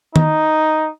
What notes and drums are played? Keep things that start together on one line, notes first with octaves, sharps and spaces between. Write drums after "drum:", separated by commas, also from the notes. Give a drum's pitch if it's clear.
D#4, drum: tom D#3